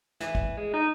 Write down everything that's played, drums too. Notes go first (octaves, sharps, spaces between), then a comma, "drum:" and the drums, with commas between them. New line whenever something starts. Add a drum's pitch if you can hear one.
E3, drum: snare
drum: kick
G#3
D#4